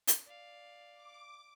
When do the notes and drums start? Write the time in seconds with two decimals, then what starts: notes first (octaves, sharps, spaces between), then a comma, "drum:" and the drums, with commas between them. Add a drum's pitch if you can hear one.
0.08 drum: hi-hat
0.24 D5 F5
0.94 D6